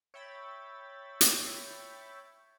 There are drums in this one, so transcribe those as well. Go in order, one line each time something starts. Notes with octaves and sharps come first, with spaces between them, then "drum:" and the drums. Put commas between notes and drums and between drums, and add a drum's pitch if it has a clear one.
C#5 E5 G5 B5 A6
drum: hi-hat